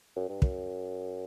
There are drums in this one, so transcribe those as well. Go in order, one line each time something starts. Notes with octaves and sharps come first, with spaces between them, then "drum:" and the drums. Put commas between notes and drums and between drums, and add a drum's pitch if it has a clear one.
F#2
G2
F#2, drum: kick